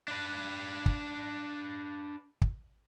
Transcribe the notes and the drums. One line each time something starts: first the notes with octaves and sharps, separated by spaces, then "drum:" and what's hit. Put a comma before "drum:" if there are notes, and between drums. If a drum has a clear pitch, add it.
D4 B4
drum: kick
drum: kick